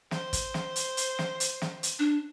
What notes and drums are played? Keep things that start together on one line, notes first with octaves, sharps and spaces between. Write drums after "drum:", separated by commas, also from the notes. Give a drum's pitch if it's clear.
C5, drum: snare
drum: kick, hi-hat
drum: snare
drum: hi-hat
drum: hi-hat
drum: snare
drum: hi-hat
drum: snare
drum: hi-hat
D4